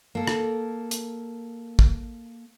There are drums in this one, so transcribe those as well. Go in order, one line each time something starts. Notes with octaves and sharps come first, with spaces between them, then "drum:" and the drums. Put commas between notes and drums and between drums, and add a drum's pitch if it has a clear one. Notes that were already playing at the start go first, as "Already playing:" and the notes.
A#3 A4
drum: rim click
drum: hi-hat
drum: kick